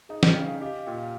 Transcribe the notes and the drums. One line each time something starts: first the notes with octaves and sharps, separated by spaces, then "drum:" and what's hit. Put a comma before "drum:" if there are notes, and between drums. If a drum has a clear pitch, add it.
D#4 G#4
G#4, drum: snare
C#3 G5
F5
G4 D#5
F5
A#2 G5
F5